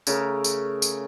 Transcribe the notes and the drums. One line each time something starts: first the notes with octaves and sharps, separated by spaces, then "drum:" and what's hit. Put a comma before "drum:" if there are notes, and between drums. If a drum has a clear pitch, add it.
C#3 A3 A#4, drum: tambourine
drum: tambourine
drum: tambourine